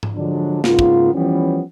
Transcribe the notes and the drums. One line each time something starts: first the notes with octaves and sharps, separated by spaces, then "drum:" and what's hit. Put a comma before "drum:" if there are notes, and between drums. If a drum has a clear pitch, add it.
drum: tom G#2
D3 F3 F#3 G#3 D4
G#2 C#3 A#3 B3 F4, drum: snare
drum: kick
E3 F3 G3 B3 C#4